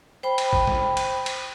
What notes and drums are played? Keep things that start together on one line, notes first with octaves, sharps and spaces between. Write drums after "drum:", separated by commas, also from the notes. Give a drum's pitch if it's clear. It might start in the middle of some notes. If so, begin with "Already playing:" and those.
C5 G5 B5
drum: cymbal
drum: kick A1
drum: snare
drum: cymbal
drum: cymbal